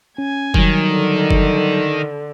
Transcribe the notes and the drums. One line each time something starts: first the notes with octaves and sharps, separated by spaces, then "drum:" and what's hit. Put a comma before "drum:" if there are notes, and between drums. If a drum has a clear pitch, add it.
C#4 G#5
D#3 F#3 G3, drum: kick F#1
D3
drum: kick F#1